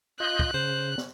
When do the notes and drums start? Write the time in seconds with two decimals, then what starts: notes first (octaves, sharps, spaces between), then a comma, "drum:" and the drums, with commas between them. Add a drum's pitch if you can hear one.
0.20 F4 D#5 F#6 G6
0.39 drum: kick
0.54 C#3 C5
0.98 drum: snare